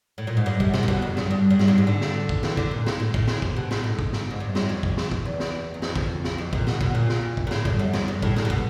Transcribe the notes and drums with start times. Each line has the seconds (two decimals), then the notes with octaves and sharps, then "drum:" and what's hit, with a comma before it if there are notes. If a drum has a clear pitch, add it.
0.18 A2
0.27 A#2
0.37 G#2
0.46 G2
0.60 F#2, drum: kick
0.74 C3, drum: snare
0.83 A#2
0.88 B2, drum: kick
1.02 F2
1.17 G2, drum: snare
1.31 G2
1.50 G2
1.59 F#2, drum: snare
1.68 G2
1.78 G#2
1.87 D3
2.01 drum: snare
2.29 drum: kick
2.43 E3, drum: snare
2.57 D3, drum: kick
2.71 A#2
2.86 A2, drum: snare
3.00 A2
3.14 A2, drum: kick
3.27 C#3, drum: snare
3.42 C3, drum: kick
3.56 B2
3.71 A2, drum: snare
3.84 G#2
3.99 drum: kick
4.13 drum: snare
4.31 G#2
4.40 G2
4.55 F#2, drum: snare
4.69 F2
4.83 drum: kick
4.97 drum: snare
5.11 drum: kick
5.25 E2
5.40 drum: snare
5.74 E2
5.82 F2, drum: snare
5.96 F2, drum: kick
6.24 drum: snare
6.38 F2
6.53 A#2, drum: kick
6.67 B2, drum: snare
6.81 B2, drum: kick
6.95 A#2
7.09 drum: snare
7.37 drum: kick
7.47 A#2
7.51 A2, drum: snare
7.65 G2, drum: kick
7.79 F#2
7.93 F2, drum: snare
8.08 G2
8.22 A2, drum: kick
8.36 A#2, drum: snare
8.45 C3
8.50 B2, drum: kick